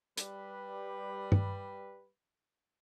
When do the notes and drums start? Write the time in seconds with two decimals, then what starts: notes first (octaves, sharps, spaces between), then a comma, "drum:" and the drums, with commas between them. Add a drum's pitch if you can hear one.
0.17 G3 B4, drum: hi-hat
1.32 drum: tom G2